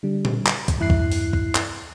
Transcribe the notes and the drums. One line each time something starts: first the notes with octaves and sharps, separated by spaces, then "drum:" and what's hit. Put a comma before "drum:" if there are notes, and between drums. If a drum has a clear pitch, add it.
D3 G3
drum: tom A#2
drum: clap
drum: kick, hi-hat
E2 G2 E4 F#6 C7
drum: kick
drum: open hi-hat
drum: kick
drum: clap